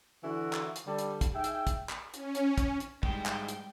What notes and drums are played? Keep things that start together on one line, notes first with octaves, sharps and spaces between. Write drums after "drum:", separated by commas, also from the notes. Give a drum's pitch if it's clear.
D3 E3 E4 F#4
drum: clap
drum: hi-hat
D3 G3 A4
drum: hi-hat
drum: kick, hi-hat
D#4 G#4 E5 G5
drum: hi-hat
drum: kick, hi-hat
drum: clap
C#4, drum: hi-hat
drum: hi-hat
drum: kick, hi-hat
drum: hi-hat
G#2 G3 G#3 G5, drum: kick
drum: clap
drum: hi-hat